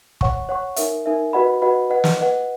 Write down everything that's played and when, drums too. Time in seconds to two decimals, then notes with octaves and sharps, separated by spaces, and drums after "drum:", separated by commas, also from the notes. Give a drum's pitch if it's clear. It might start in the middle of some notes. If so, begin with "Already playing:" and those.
0.21 C#5 F#5 C#6, drum: kick
0.49 C#5 F#5 C#6
0.76 D#4 A#4 E5, drum: hi-hat
1.06 D#4 A#4 E5
1.33 F#4 B4 D#5 F#5 B5
1.62 F#4 B4 D#5 F#5 B5
1.90 B4 D#5 F#5
2.04 drum: snare
2.18 B4 D#5 F#5